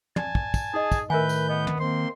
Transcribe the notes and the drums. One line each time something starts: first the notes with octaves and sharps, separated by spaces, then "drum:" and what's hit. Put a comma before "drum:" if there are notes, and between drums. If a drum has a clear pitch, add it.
D5 G#5 A5, drum: tom
drum: kick
drum: kick, tambourine
D#4 G#4 D#5
drum: kick, tambourine
A2 D#3 A#4 B4 E5 G#5 G6
drum: tambourine
B3 D#5
drum: tom
A#3 C4 C5 C6